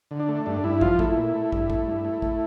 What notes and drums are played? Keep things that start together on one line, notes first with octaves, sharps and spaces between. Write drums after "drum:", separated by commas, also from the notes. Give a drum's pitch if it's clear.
D3
D4
A3
G2 D4
G2 E4
F3 F4, drum: kick
A3 E4, drum: kick
A#2
A3
G2, drum: kick
A3, drum: kick
G2
A3
A3, drum: kick